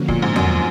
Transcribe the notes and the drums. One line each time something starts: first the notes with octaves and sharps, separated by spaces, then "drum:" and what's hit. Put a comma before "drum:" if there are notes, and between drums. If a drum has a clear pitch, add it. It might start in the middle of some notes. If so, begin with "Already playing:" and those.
Already playing: D3 F3 A#3 C#4 F#4
A#2, drum: kick
G#2
F#2, drum: tom E2